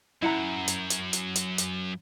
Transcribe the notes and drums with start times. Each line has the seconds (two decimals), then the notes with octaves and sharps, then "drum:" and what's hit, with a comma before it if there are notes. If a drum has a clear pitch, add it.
0.22 F#2 E4 F#5 A#5
0.68 drum: hi-hat
0.90 drum: hi-hat
1.13 drum: hi-hat
1.36 drum: hi-hat
1.58 drum: hi-hat